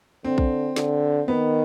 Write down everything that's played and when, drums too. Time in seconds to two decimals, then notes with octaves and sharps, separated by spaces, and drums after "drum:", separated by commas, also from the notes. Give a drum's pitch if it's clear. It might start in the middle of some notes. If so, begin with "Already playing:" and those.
0.24 D3 C4
0.38 drum: kick A#1
0.76 D3, drum: snare
1.28 D#3 B3